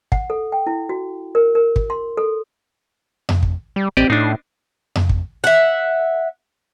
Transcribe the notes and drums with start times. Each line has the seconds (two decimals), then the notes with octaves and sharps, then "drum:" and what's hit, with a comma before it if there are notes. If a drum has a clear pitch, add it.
0.12 F#5, drum: kick
0.30 A4
0.52 G5
0.67 E4
0.89 F#4
1.35 A#4
1.55 A#4
1.76 drum: kick
1.90 C6
2.17 A4
3.29 drum: tom F2
3.43 drum: kick
3.76 G3
3.97 A1 C4 G4 D5 D#5
4.10 A2 D4 D#4 C7
4.95 drum: tom F2
5.09 drum: kick
5.44 E5 F#5